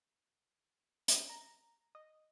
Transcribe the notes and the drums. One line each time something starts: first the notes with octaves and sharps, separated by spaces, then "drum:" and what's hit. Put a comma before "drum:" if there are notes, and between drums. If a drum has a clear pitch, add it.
drum: hi-hat
A#5
D#5